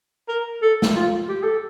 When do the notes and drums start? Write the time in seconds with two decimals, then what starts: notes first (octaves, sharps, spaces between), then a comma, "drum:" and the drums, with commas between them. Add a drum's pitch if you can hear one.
0.28 A#4
0.62 A4
0.82 drum: snare
0.96 F4
1.29 G4
1.43 A4